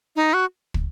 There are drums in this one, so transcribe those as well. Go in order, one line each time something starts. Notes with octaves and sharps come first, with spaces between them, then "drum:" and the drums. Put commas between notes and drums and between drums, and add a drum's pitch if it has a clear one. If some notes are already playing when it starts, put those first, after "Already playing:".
D#4
F#4
drum: kick